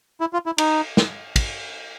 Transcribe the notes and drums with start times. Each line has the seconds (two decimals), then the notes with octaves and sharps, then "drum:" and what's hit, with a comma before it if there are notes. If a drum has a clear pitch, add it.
0.20 E4
0.33 F4
0.46 E4
0.58 D#4, drum: cymbal
0.97 drum: snare
1.36 drum: kick, cymbal